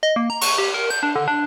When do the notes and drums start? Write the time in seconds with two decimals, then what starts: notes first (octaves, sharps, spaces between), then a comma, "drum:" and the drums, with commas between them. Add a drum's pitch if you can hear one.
0.03 D#5
0.16 A#3
0.30 A#5
0.41 C#6, drum: cymbal
0.58 G4
0.74 A#4
0.90 G6
1.03 D4
1.16 D3
1.28 D4